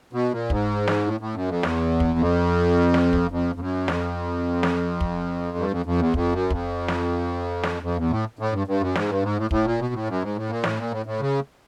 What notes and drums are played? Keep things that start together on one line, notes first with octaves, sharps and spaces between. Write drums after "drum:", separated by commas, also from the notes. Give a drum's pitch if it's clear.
B2
A#2
G#2, drum: kick
drum: snare
A2
A2
F#2
F2
E2, drum: snare
drum: kick
F2
drum: snare
drum: kick
F2
F2
F#2
F2, drum: snare
drum: snare
drum: kick
G2
F2
F2
E2
F2, drum: kick
F#2
F2, drum: kick
drum: snare
drum: snare
F2
E2
A2
A2
G2
G2
F#2
G#2, drum: snare
G2
G#2
A2
A2, drum: kick
A#2
B2
A2
F#2
G#2
A2
A#2
A2, drum: snare
A#2
A2
A2
C#3